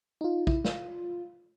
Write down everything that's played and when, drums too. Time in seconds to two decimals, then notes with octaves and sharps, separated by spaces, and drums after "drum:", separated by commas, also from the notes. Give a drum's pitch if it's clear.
0.21 D#4 F4
0.47 E4, drum: kick
0.65 F4, drum: snare